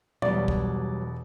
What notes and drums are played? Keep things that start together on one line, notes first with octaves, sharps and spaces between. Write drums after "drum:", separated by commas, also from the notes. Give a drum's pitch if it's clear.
E1 B2 F#3 G3 D5, drum: tom
drum: kick